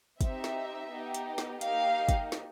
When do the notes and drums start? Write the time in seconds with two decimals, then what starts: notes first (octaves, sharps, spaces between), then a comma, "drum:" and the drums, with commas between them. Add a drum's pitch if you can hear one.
0.21 C4 D#4 G4 E5, drum: kick, hi-hat
0.44 drum: snare
0.91 B3 D#4 G4
1.14 drum: hi-hat
1.38 drum: snare
1.61 A#3 D#4 G4 F5, drum: hi-hat
2.09 drum: kick, hi-hat
2.32 drum: snare